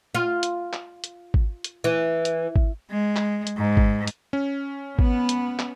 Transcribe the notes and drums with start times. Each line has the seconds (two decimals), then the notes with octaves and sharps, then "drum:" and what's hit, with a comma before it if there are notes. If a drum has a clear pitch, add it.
0.15 F4
0.43 drum: hi-hat
0.73 drum: clap
1.04 drum: hi-hat
1.34 drum: kick G#1
1.64 drum: hi-hat
1.84 E3
2.25 drum: hi-hat
2.56 drum: kick G#1
2.90 G#3
3.16 drum: clap
3.47 drum: hi-hat
3.57 G#2
3.77 drum: kick G#1
4.07 drum: hi-hat
4.33 C#4
4.99 B3, drum: kick G#1
5.29 drum: hi-hat
5.59 drum: clap